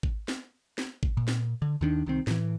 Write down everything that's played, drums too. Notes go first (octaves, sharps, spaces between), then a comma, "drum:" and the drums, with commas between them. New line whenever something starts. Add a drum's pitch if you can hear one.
drum: kick G#1
drum: snare
drum: snare
drum: kick G#1
A#2
drum: snare
D3
D#2 D#3 D4
C2 D#3 C4
A2 E3, drum: snare